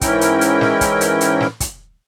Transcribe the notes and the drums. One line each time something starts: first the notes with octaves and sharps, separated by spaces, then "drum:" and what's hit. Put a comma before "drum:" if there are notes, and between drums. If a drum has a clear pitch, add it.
G#2 E3 C#4 E4 A#4 G5, drum: kick, hi-hat
drum: hi-hat
drum: hi-hat
drum: snare
drum: kick, hi-hat
drum: hi-hat
drum: hi-hat
drum: snare
drum: kick, hi-hat